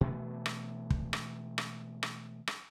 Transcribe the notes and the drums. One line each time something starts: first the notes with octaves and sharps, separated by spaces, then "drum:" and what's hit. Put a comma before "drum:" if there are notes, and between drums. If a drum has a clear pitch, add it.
B2 E3 A3 B3
drum: rim click
drum: kick
drum: rim click
drum: rim click
drum: rim click
drum: rim click